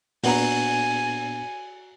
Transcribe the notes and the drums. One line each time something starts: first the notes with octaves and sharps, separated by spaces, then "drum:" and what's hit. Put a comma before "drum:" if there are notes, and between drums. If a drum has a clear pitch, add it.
A#2 B3 D4 F#4 G#5 A#5, drum: open hi-hat